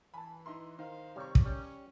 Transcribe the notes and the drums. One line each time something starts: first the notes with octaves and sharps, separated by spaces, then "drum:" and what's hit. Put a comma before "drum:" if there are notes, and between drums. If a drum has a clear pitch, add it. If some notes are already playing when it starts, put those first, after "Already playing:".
E3 G#5 A5 B5
D#4 E4 B4 C6
D#3 D#4 C5 F5
C3 G3 C#5 C#6
drum: kick
G3 C#4